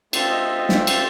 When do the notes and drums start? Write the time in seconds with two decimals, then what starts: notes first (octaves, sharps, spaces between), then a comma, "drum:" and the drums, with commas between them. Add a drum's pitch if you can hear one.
0.13 A3 C4 F4 A4 D5, drum: cymbal
0.28 D#5
0.41 D#5
0.55 D#5
0.69 D5, drum: snare
0.87 drum: cymbal